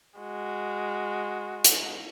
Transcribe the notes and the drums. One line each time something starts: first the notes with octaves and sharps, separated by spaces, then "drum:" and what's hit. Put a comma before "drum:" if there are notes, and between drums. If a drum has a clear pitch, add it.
G#3 F#4
drum: hi-hat